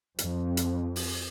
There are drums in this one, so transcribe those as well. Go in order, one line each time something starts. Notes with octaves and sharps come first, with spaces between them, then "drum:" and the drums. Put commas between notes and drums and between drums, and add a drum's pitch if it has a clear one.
F2, drum: hi-hat
drum: hi-hat
drum: open hi-hat